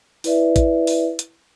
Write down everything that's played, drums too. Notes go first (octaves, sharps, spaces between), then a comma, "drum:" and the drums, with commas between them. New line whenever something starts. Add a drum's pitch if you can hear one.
E4 B4 D5 E5, drum: open hi-hat
drum: kick A1, hi-hat
drum: open hi-hat
drum: hi-hat